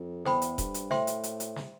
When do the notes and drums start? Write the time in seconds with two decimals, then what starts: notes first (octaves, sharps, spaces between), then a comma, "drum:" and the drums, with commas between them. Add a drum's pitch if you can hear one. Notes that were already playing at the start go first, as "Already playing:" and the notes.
Already playing: F2
0.25 E2 A4 C5 G5 B5, drum: snare
0.42 drum: hi-hat
0.58 G2, drum: kick D#1, hi-hat
0.74 drum: hi-hat
0.91 A2 C5 E5 G5 C6, drum: snare
1.07 drum: hi-hat
1.23 drum: hi-hat
1.40 drum: hi-hat
1.56 drum: snare